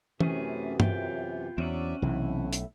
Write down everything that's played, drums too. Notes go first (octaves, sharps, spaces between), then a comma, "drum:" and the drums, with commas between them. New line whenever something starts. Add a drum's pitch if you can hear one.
F#2 C3 E3 A3 C#4 G#4, drum: tom
B3 F4 G5, drum: tom G2
E2 F#3 C4 C#4 D5 E5 F#5
B1 A2 C3 E3 A3 E4
drum: hi-hat